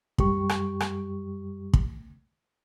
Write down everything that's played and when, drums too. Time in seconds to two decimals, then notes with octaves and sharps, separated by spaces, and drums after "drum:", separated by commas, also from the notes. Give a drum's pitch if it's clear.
0.18 F#2 G3 G4 C#6, drum: kick
0.49 drum: rim click
0.80 drum: rim click
1.73 drum: kick